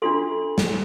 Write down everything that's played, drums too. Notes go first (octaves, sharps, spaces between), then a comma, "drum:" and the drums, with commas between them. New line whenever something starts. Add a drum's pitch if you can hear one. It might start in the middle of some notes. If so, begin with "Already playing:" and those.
D4 F4 A4 C6
drum: snare